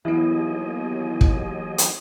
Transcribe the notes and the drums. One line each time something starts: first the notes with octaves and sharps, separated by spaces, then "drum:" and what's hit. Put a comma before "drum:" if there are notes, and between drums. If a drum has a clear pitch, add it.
D#2 E3 F#3 B3 E4 G#4 D#5
drum: kick
drum: hi-hat